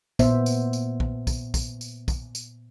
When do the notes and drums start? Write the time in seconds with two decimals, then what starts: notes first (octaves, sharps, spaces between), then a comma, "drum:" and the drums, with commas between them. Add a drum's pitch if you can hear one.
0.19 A#2 B3 C5 E5, drum: kick, tambourine
0.46 drum: tambourine
0.73 drum: tambourine
1.00 drum: kick
1.27 drum: kick, tambourine
1.54 drum: kick, tambourine
1.81 drum: tambourine
2.08 drum: kick, tambourine
2.35 drum: tambourine